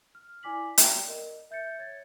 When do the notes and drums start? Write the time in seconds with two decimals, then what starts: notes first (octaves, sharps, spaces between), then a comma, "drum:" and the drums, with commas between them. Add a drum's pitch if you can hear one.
0.15 F6
0.43 E4 D5 G#5 D6 B6 F#7
0.78 D5 G5 A#5, drum: hi-hat
1.08 A#4 D#5
1.51 E5 G6 A6 C#7
1.79 C#5 G#6 A6